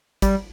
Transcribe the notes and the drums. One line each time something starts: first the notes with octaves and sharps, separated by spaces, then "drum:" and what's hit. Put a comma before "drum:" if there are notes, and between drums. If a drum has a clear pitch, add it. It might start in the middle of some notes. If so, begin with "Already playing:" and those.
G3, drum: kick G#1, hi-hat